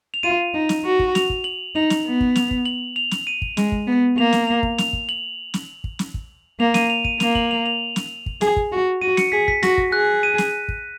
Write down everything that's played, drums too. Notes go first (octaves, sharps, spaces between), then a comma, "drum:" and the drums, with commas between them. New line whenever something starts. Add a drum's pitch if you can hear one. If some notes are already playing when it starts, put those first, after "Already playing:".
F7
F4 D#7
D#4
drum: snare
F#4
drum: kick
F7, drum: snare
drum: kick
F#7
D#4 F7
drum: snare
B3
drum: kick
F7, drum: snare
drum: kick
F#7
F7
drum: snare
D#7
drum: kick
G#3, drum: snare
drum: kick
B3
A#3 F7
drum: snare
F7
drum: kick
F7, drum: snare
drum: kick
F#7
drum: snare
drum: kick
drum: snare
drum: kick
A#3 F7
D#7, drum: snare
F7
D#7, drum: kick
A#3 F7, drum: snare
F#7, drum: kick
F7
F7
drum: snare
drum: kick
G#4, drum: snare
drum: kick
F#4
F#4 D#7
C#7, drum: snare
G#4 B6
B6, drum: kick
F#4 A#6, drum: snare
drum: kick
G#4 F#6
D#7
drum: snare
drum: kick